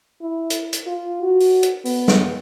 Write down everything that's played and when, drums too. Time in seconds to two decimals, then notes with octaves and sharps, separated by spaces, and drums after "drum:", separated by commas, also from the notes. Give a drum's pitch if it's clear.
0.22 E4
0.50 drum: hi-hat
0.73 drum: hi-hat
0.87 F4
1.23 F#4
1.40 drum: open hi-hat
1.63 drum: hi-hat
1.85 B3, drum: open hi-hat
2.08 drum: snare